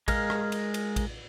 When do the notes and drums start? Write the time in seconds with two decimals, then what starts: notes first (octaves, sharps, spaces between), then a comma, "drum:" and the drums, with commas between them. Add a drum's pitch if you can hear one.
0.08 G#3 A#4 F5, drum: kick A1, cymbal
0.30 drum: rim click
0.52 drum: cymbal
0.74 drum: cymbal
0.96 drum: kick A1, cymbal